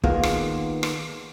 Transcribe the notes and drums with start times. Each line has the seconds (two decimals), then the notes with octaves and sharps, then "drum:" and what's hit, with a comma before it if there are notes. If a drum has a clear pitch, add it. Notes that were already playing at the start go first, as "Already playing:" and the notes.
0.04 D#3 A#3 B3 F4 G#4, drum: kick
0.23 drum: rim click
0.83 drum: rim click